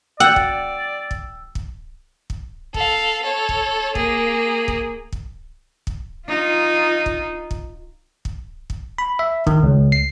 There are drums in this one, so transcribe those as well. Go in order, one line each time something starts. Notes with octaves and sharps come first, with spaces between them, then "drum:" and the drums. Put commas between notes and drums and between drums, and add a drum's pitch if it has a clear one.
D5 F#5 G5 E6 G6
drum: kick
drum: kick
drum: kick
drum: kick
A4 F5, drum: kick
A4 C#5
drum: kick
A#3 G#4, drum: kick
drum: kick
drum: kick
drum: kick
D#4 F4
drum: kick
drum: kick
drum: kick
drum: kick
B5
E5
D#3, drum: kick
C#2
C7